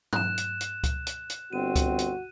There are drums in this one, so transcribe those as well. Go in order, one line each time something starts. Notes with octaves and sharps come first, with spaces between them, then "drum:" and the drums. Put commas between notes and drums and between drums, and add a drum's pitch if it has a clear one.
F#6 E7, drum: tom G2
drum: hi-hat
drum: hi-hat
drum: kick C#2, hi-hat
drum: hi-hat
drum: hi-hat
G1 C4 F#4 D#7
drum: kick C#2, hi-hat
drum: hi-hat